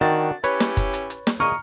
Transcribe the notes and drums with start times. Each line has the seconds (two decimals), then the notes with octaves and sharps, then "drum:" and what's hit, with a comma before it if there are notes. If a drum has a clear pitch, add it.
0.01 D#3 C4 D4 F#4 A6
0.44 C#4 E4 G4 B4 C#5, drum: hi-hat
0.60 drum: snare
0.77 drum: kick, hi-hat
0.94 drum: hi-hat
1.10 drum: hi-hat
1.27 drum: snare
1.40 A#2 G#4 D#5 A#5 C#6 F6